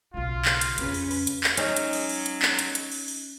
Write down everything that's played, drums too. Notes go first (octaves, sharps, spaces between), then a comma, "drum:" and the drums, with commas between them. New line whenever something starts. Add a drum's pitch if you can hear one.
B1 C#3 F4
drum: clap
drum: hi-hat
F2 C#3 C#4 B4, drum: hi-hat
drum: open hi-hat
drum: open hi-hat
drum: hi-hat
drum: clap
F#3 G#3 C#4 D#4, drum: hi-hat
drum: hi-hat
drum: open hi-hat
drum: open hi-hat
drum: hi-hat
drum: clap
drum: hi-hat
drum: hi-hat
drum: open hi-hat
drum: open hi-hat